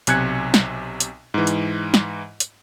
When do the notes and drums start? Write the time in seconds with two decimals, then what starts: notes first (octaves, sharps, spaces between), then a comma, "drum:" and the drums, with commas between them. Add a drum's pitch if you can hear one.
0.07 B1 C3 G#5 F#6 G#6 C#7, drum: hi-hat
0.54 drum: snare
1.00 drum: hi-hat
1.34 G#2 E3
1.47 drum: hi-hat
1.94 drum: snare
2.40 drum: hi-hat